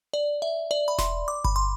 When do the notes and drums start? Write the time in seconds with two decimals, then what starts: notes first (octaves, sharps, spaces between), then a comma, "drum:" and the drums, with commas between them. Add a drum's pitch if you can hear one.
0.14 D5
0.42 E5
0.71 D5
0.88 B5
0.99 C6, drum: snare E1
1.28 D6
1.44 B5, drum: kick G1
1.56 C6